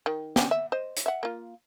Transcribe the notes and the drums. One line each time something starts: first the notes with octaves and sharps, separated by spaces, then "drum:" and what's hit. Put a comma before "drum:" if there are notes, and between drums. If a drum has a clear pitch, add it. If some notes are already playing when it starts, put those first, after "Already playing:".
D#3
C#4 D4 G4, drum: snare
E5
C5 D#5
drum: hi-hat
E5 F#5
A#3 F4